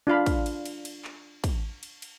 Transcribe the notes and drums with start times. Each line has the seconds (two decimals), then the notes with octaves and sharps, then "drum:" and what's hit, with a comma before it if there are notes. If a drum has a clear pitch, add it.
0.07 D4 F4 F5 B5
0.26 drum: kick, cymbal
0.46 drum: cymbal
0.65 drum: cymbal
0.85 drum: cymbal
1.05 drum: clap
1.44 drum: kick, cymbal
1.83 drum: cymbal
2.02 drum: cymbal